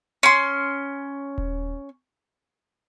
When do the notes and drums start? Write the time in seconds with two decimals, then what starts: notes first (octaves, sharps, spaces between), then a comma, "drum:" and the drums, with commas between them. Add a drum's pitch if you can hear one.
0.23 C#4 C6
1.38 drum: kick D#1